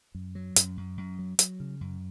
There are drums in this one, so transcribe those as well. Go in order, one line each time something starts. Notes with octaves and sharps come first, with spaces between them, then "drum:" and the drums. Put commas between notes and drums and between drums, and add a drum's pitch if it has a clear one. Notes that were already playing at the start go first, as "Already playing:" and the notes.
F#2
F#3
F#2, drum: hi-hat
F#2
F#2
F#3
F#3, drum: hi-hat
C#3
F#2